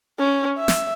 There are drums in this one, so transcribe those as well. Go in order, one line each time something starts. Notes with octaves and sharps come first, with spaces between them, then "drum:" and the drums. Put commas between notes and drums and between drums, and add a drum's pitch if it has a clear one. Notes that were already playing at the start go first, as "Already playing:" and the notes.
C#4
E5
drum: snare